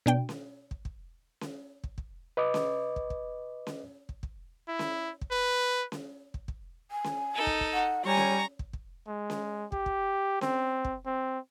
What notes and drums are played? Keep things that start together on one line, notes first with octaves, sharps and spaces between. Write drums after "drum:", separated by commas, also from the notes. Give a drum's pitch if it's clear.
B2 D4 G5
drum: snare C#4
drum: kick
drum: kick
drum: snare C#4
drum: kick
drum: kick
B4 D#5 D6
drum: snare C#4
drum: kick
drum: kick
drum: snare C#4
drum: kick
drum: kick
E4
drum: snare C#4
drum: kick
B4
drum: snare C#4
drum: kick
drum: kick
G#5
drum: snare C#4
D#4 A4
drum: kick
drum: kick
F#5
G3 C#5 G#5 A#5 C#6
drum: snare C#4
drum: kick
drum: kick
G#3
drum: snare C#4
G4, drum: kick
drum: kick
C4, drum: snare C#4
drum: kick
C4